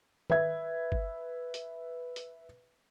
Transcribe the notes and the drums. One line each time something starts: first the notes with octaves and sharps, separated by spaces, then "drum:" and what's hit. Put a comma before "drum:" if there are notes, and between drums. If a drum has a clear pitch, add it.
B4 E5 G#6, drum: tom D#3
drum: kick
drum: hi-hat
drum: hi-hat